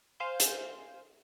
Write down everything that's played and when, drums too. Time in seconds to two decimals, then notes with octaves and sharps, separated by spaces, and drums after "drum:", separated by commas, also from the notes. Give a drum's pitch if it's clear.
0.20 C5 F5 G#5 G6
0.40 drum: hi-hat